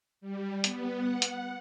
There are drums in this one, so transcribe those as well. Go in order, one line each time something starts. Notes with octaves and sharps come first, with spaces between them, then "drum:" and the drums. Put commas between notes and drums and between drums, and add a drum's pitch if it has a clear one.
G3
B3, drum: hi-hat
F#5
drum: hi-hat